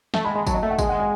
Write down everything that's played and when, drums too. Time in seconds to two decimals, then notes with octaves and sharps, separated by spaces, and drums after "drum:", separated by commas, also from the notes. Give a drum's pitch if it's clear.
0.14 A3 A5, drum: snare
0.25 G#3 B5
0.35 G#3 A5
0.47 F#3 A5, drum: kick, tambourine
0.54 D#5
0.62 A3 E5
0.71 F#5
0.79 G#3 G#5, drum: kick, tambourine
0.89 F#5
1.00 G#5